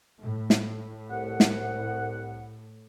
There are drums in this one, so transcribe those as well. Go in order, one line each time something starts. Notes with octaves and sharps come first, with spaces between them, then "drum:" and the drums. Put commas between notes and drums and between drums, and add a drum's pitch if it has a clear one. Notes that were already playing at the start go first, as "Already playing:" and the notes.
A2
drum: snare
C2 F#5
drum: snare